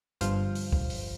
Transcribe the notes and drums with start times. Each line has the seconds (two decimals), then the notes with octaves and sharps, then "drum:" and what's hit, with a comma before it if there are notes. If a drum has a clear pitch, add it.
0.21 G1 G2 F3 C5 F5, drum: hi-hat
0.55 drum: open hi-hat
0.72 drum: kick
0.90 drum: open hi-hat